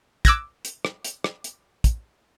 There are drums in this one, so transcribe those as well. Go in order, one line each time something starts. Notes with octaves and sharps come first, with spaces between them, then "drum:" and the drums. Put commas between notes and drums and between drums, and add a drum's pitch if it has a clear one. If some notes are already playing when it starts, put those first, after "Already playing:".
D6 E6 F#6 G#6 A#6, drum: kick, hi-hat
drum: hi-hat
drum: rim click
drum: hi-hat
drum: rim click
drum: hi-hat
drum: kick, hi-hat